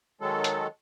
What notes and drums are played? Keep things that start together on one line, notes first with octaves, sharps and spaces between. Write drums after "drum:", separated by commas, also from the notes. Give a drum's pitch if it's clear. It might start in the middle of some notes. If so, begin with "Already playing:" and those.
D#3 F#3 G#3 A4
drum: hi-hat